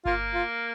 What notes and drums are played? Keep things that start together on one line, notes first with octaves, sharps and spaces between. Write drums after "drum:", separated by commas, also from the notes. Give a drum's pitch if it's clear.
A#3 F4, drum: kick G1
F4